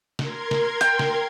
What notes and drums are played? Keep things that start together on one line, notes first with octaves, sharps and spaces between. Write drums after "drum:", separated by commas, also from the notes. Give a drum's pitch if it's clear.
A#4 C6 G#6, drum: snare
drum: snare
G5, drum: hi-hat
drum: snare